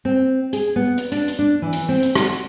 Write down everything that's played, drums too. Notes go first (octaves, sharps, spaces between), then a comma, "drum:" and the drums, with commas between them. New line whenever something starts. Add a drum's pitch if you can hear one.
C4
G#4, drum: hi-hat
B3
drum: hi-hat
D4, drum: hi-hat
drum: hi-hat
D4
E3
drum: hi-hat
C4, drum: open hi-hat
drum: hi-hat
F#4, drum: rim click
drum: hi-hat